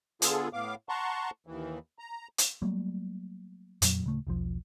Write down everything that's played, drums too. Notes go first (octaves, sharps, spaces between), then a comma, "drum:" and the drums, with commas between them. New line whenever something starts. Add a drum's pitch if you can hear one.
D3 B3 F4 G#4 A4, drum: hi-hat
A2 B3 F5 D6
F#5 A5 A#5 C6 C#6
D#2 E3
A#5
drum: hi-hat
F#3 G3 A3 A#3
F2 A#2 F#3, drum: hi-hat
D1 C#3 A3
E1 B1 F3